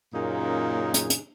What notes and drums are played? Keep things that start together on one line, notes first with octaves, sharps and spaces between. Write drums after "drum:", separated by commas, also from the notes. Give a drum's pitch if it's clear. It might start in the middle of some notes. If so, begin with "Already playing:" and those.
F#2 A#2 C#3 A#3 D#4 G#4
drum: hi-hat
drum: hi-hat